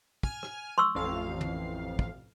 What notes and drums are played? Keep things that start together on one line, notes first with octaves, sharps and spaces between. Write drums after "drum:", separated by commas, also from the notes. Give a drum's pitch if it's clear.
G#5 F6, drum: kick
drum: rim click
C6 C#6 E6
A1 F2 F5
drum: tom
drum: kick